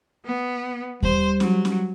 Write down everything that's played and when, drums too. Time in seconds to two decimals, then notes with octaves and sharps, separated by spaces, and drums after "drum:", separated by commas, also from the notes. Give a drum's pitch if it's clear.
0.24 B3
1.03 G3 C5, drum: kick D#2
1.40 F#3, drum: snare C#4
1.65 drum: snare C#4